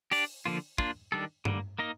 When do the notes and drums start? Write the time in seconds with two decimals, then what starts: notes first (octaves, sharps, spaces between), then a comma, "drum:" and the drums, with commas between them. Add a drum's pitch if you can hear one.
0.11 D4 G4 D5, drum: open hi-hat
0.45 D3 F3 A#3 F4
0.78 A#3 D4 F4, drum: kick
1.12 D#3 G3 D4 A4
1.45 D3 G3 A#3, drum: tom G2
1.79 A#3 D#4 A#4 D#5